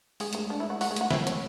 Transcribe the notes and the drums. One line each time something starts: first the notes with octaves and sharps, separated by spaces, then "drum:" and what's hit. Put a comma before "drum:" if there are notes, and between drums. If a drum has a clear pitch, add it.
G#3 G#4, drum: open hi-hat
A3 G#4, drum: hi-hat
G#3 D4
E4
F#4
G#3 F#4, drum: open hi-hat
G#4
A3, drum: hi-hat
F#4
F#3 E4, drum: snare
C#4, drum: hi-hat